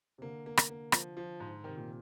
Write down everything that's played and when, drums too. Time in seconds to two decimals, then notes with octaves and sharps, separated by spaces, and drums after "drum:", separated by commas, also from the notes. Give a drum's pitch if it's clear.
0.18 C3
0.22 D3 A#3
0.46 A#3
0.57 drum: rim click
0.70 A#3
0.92 F3, drum: rim click
1.17 F3
1.40 G#2
1.64 C3 D#3
1.77 A#2